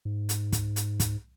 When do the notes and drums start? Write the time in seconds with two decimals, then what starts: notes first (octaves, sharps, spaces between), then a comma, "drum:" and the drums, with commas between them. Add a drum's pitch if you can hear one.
0.05 G#2
0.29 drum: hi-hat
0.52 drum: kick, hi-hat
0.76 drum: hi-hat
1.00 drum: kick, hi-hat